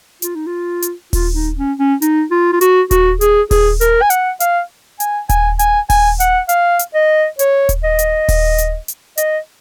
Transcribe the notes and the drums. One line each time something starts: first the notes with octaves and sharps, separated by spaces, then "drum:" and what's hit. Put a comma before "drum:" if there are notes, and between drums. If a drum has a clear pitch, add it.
F4, drum: hi-hat
D#4
F4
drum: hi-hat
F4, drum: kick D#1, open hi-hat
D#4
C#4
C#4
D#4, drum: hi-hat
F4
F4
F#4, drum: hi-hat
F#4, drum: kick D#1, hi-hat
G#4, drum: hi-hat
G#4, drum: kick D#1, open hi-hat
A#4, drum: hi-hat
G#5
F#5, drum: hi-hat
F5, drum: hi-hat
G#5, drum: hi-hat
G#5, drum: kick D#1, hi-hat
G#5, drum: hi-hat
G#5, drum: kick D#1, open hi-hat
F#5, drum: hi-hat
F5, drum: hi-hat
drum: hi-hat
D#5
C#5, drum: hi-hat
drum: kick D#1, hi-hat
D#5
drum: hi-hat
drum: kick D#1, open hi-hat
drum: hi-hat
drum: hi-hat
D#5, drum: hi-hat